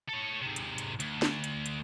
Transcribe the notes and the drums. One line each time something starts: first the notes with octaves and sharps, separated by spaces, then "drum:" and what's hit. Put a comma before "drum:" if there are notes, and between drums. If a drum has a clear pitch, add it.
A4 C#5
G#2 C3
drum: hi-hat
drum: hi-hat
D2, drum: hi-hat
drum: snare
drum: hi-hat
drum: hi-hat